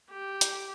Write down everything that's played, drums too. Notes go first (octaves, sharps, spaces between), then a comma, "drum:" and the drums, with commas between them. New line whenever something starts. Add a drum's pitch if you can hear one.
G4
drum: hi-hat